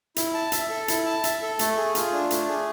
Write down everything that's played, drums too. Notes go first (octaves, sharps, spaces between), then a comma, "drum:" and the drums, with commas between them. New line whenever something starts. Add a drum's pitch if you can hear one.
E4, drum: hi-hat
A5
E5, drum: hi-hat
A4
E4, drum: hi-hat
A5
E5, drum: hi-hat
A4
A3, drum: hi-hat
G#4
F4, drum: hi-hat
D4
A3, drum: hi-hat
G#4